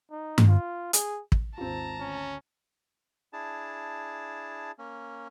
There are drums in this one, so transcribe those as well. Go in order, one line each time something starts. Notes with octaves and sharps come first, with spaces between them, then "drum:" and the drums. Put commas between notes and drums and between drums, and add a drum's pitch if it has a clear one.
D#4
drum: tom G2
F4
G#4, drum: hi-hat
drum: kick
G#1 D#2 C4 F4 A5 A#5
D2 C#4
D4 E4 G#4 A5
A#3 C#4